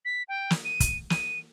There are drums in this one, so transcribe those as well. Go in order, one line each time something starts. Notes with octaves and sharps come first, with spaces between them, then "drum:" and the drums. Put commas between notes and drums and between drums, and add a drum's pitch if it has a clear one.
B6
G5
drum: snare
D#7
drum: kick, hi-hat
D#7, drum: snare